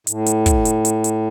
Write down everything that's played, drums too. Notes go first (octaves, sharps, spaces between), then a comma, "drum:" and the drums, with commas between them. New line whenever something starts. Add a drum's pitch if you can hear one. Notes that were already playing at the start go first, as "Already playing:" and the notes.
A2, drum: hi-hat
drum: hi-hat
drum: kick, hi-hat
drum: hi-hat
drum: hi-hat
drum: hi-hat